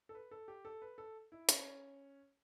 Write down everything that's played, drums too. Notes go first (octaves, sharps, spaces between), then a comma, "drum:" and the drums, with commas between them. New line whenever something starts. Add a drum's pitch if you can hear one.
A4
B4
A4
G4
A4
B4
A4
E4
C#4, drum: hi-hat